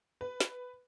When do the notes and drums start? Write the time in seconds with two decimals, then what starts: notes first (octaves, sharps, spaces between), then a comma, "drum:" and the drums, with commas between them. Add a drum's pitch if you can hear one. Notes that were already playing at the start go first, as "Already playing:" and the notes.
0.21 B4
0.40 drum: snare